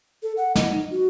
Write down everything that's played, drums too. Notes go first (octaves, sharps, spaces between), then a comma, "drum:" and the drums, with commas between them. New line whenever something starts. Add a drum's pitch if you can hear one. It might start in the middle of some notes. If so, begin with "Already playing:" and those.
A4
F#5
D#5, drum: snare
D#4
F#4